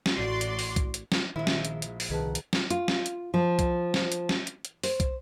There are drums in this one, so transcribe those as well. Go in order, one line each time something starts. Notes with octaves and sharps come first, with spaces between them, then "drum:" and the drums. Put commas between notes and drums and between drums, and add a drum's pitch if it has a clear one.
drum: snare
A1 F#4 D5 C6
drum: hi-hat
drum: open hi-hat
drum: kick, hi-hat
drum: hi-hat
drum: snare
A#1 D#3 G#3 E4
drum: snare
drum: hi-hat
drum: hi-hat
drum: open hi-hat
C2 D#3 G#4 B4 F#5 A5
drum: hi-hat
drum: snare
F4, drum: hi-hat
drum: snare
drum: hi-hat
F3
drum: kick, hi-hat
drum: snare
drum: hi-hat
drum: snare
drum: hi-hat
drum: hi-hat
C5, drum: open hi-hat
drum: kick, hi-hat